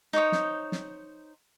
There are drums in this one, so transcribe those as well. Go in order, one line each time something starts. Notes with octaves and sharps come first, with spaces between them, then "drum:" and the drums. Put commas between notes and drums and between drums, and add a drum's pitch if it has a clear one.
D#4 C5 C#5 D#6
drum: snare
drum: snare